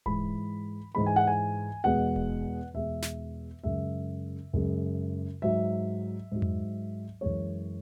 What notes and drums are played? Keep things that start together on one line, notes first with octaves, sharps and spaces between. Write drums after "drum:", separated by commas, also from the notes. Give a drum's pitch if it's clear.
G#2 E3 G#3 B5, drum: kick D1
G#2 E3 G#3 B5
G#5
F#5
G#5
E2 B2 G#3 F#5
drum: kick D1
E2 B2 G#3 E5
drum: snare
F#2 C#3 G#3 E5
F#2 C#3 G#3
G#2 F#3 E5
G#2 F#3
drum: tom F2
F#2 E3 G#3 C#5